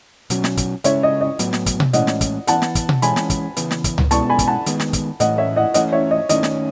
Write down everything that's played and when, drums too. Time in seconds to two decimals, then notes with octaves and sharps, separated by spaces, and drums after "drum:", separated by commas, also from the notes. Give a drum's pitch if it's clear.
0.30 B2 F#3 C#4, drum: hi-hat
0.44 drum: snare
0.57 drum: kick, hi-hat
0.84 C#3 G#3 C#4 C#5 E5, drum: hi-hat
1.03 D#5
1.21 D#5
1.39 A2 F#3 B3, drum: hi-hat
1.53 drum: snare
1.66 drum: kick, hi-hat
1.80 drum: tom B2
1.93 A2 E3 G#3 C#4 D#5 F#5, drum: hi-hat
2.07 drum: snare
2.21 drum: kick, hi-hat
2.47 E3 B3 F#5 A5, drum: hi-hat
2.62 drum: snare
2.75 drum: kick, hi-hat
2.89 drum: tom B2
3.02 E3 G#3 C#4 G#5 B5, drum: hi-hat
3.16 drum: snare
3.30 drum: kick, hi-hat
3.57 C#3 E3 B3, drum: hi-hat
3.71 drum: snare
3.84 drum: kick, hi-hat
3.98 drum: tom C#2
4.11 B2 G#3 B3 A5 C#6, drum: hi-hat
4.30 G#5 B5
4.39 drum: kick, hi-hat
4.48 F#5 A5
4.66 D#3 G#3 B3, drum: hi-hat
4.80 drum: snare
4.93 drum: kick, hi-hat
5.20 A2 E3 A3 C#4 D#5 F#5, drum: hi-hat
5.38 C#5 E5
5.56 D#5 F#5
5.74 E3 A3 C#4 D#5 F#5, drum: hi-hat
5.92 C#5 E5
6.11 D#5
6.29 D#3 A3 C#4 D#5, drum: hi-hat
6.43 drum: snare